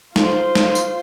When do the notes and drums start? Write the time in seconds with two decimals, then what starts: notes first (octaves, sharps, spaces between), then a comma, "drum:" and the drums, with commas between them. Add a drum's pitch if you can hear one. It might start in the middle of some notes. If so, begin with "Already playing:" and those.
0.16 F4 C5, drum: snare
0.55 drum: snare
0.75 drum: tambourine